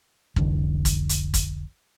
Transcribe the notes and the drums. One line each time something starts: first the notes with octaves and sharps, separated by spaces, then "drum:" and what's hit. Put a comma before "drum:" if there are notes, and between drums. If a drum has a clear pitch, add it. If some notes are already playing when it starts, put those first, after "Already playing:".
F1 C2 D3 E3, drum: kick
drum: kick, hi-hat
drum: hi-hat
drum: kick, hi-hat